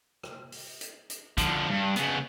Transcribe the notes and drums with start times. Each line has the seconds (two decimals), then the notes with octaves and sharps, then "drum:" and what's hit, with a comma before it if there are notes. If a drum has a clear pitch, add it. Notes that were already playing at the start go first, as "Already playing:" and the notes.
0.23 drum: rim click
0.52 drum: open hi-hat
0.81 drum: hi-hat
1.10 drum: hi-hat
1.38 D3 F3, drum: kick, hi-hat
1.70 G2
1.96 C#3 B3, drum: hi-hat